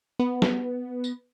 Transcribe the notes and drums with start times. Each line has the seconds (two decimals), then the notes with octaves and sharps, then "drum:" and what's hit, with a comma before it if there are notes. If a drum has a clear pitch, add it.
0.19 B3
0.42 drum: snare
1.04 drum: tambourine